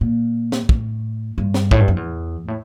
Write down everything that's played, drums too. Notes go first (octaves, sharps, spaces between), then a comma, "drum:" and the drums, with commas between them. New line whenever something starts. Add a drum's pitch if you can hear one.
A#2
drum: snare
A2, drum: kick
G2
drum: snare
A2, drum: kick
G2
F2
E2
A2